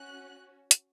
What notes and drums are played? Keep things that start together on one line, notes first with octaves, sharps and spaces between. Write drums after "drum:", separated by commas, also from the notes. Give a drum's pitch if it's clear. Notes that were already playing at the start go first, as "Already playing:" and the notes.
Already playing: C#4 F#4 F#6
drum: hi-hat